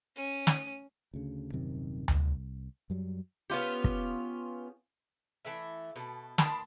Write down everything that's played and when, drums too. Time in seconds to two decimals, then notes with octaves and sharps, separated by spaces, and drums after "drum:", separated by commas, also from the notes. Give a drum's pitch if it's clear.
0.16 C#4 D#7
0.47 drum: snare
1.14 D2 C#3
1.52 D#1 F#2 C3 D#3
2.08 C2, drum: tom D2
2.90 F#2 F#3 G3
3.50 B3 C#4 F4 G4
3.84 drum: kick
5.45 E3 A3 E5
5.96 B2 A3
6.38 D#3 A5 B5 C6, drum: snare